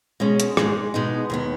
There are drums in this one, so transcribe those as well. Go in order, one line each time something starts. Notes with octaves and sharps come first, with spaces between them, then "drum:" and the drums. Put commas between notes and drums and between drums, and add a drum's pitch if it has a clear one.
B2 G#3 C#4
drum: hi-hat
G#2 G#3 D#4, drum: rim click
B2 G#3 B3 D#4
D#2 D#3 B3